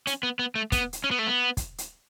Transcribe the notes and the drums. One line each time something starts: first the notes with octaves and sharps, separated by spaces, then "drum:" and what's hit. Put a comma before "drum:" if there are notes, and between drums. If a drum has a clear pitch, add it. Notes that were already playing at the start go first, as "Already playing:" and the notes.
C#4, drum: hi-hat
B3
B3
A3
B3, drum: kick, hi-hat
drum: hi-hat
C#4
B3
A3
B3
drum: kick, hi-hat
drum: hi-hat